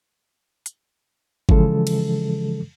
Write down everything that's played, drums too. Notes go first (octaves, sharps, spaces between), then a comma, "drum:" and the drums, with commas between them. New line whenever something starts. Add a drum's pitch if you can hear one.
drum: hi-hat
C#3 E3 F3 G#3 A4, drum: kick G#1
drum: cymbal